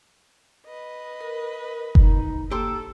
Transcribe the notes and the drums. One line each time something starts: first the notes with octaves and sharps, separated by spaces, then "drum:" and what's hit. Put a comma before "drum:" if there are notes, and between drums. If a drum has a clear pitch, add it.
B4 D#5
A#4
D#4, drum: kick F#1
A#3 G4 A4 C5 C6 E6